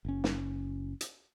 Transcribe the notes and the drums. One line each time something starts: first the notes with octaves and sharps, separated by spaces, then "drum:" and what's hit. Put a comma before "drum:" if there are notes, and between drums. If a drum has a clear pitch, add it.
F#1 C#4
drum: snare
drum: hi-hat